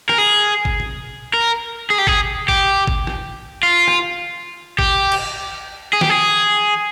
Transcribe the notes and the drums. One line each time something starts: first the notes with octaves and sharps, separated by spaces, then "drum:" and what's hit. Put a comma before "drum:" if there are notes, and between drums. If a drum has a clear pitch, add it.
A#4, drum: rim click
G#4
drum: kick G#1
drum: tom B2
A#4
G#4
G4
G#4, drum: kick G#1
G4, drum: kick G#1
drum: kick G#1
drum: rim click
F4
drum: rim click
G4, drum: kick G#1
drum: cymbal
G#4
G4, drum: snare
G#4